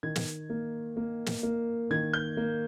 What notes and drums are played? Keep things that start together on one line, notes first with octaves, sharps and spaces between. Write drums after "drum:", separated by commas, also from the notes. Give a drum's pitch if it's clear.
D#3 G#6
drum: snare
A#3
A#3
drum: snare
A#3
D#3 G#6
G6
A#3